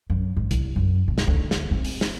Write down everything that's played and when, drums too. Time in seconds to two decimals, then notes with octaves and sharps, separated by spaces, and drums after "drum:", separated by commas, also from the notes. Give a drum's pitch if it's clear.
0.10 F#2
0.37 G#2
0.51 C2, drum: hi-hat
0.76 F#2
1.08 B2
1.18 drum: snare
1.27 D2
1.51 drum: snare
1.71 C4
1.84 drum: open hi-hat
2.01 drum: snare